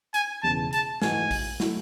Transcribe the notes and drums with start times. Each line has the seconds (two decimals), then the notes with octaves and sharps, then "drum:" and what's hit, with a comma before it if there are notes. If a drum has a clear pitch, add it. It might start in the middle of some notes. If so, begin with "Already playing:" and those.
0.14 G#5, drum: hi-hat
0.43 E1 E2 C#3 E3 A5
0.73 A5, drum: hi-hat
1.02 G#2 E3 A3 D#4 F#4 G#5, drum: snare
1.31 drum: kick A1, open hi-hat
1.60 F#3 A3 E4, drum: snare